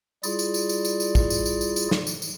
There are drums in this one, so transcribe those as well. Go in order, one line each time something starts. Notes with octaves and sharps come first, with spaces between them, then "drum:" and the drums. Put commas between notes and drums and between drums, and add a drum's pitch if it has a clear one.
G3 E4 F4 G#4 D5, drum: tambourine
drum: tambourine
drum: tambourine
drum: tambourine
drum: tambourine
drum: tambourine
drum: kick, tambourine
drum: tambourine
drum: tambourine
drum: tambourine
drum: tambourine
drum: snare
drum: tambourine
drum: tambourine